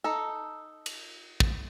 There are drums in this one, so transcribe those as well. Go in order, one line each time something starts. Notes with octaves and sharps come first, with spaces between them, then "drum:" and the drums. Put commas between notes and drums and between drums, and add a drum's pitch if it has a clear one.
D#4 A4
drum: cymbal
drum: kick